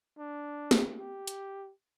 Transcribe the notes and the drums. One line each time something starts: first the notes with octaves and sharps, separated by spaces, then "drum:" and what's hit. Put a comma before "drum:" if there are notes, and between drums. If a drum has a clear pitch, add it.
D4
drum: snare
G4
drum: hi-hat